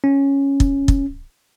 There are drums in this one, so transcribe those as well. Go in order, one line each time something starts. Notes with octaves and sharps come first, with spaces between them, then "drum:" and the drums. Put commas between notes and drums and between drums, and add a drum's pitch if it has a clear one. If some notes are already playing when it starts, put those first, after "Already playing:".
C#4
drum: kick
drum: kick